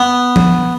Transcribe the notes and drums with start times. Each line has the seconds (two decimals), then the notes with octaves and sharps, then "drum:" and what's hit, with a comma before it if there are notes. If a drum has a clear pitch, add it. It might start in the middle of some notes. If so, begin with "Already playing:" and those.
Already playing: B3
0.36 drum: tom F3